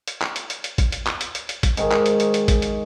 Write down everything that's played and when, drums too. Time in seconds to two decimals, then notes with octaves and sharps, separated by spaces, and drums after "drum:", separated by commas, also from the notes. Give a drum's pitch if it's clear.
0.07 drum: hi-hat
0.22 drum: clap
0.36 drum: hi-hat
0.50 drum: hi-hat
0.64 drum: hi-hat
0.78 drum: kick, hi-hat
0.92 drum: hi-hat
1.07 drum: clap
1.21 drum: hi-hat
1.35 drum: hi-hat
1.49 drum: hi-hat
1.63 drum: kick, hi-hat
1.77 G#2 D#3 G#4, drum: hi-hat
1.92 drum: clap
2.06 drum: hi-hat
2.20 drum: hi-hat
2.34 drum: hi-hat
2.48 drum: kick, hi-hat
2.62 drum: hi-hat